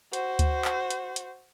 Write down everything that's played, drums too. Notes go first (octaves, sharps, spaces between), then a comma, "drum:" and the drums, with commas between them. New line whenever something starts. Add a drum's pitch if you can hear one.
F#4 C5, drum: hi-hat
drum: kick D2, hi-hat
drum: clap
drum: hi-hat
drum: hi-hat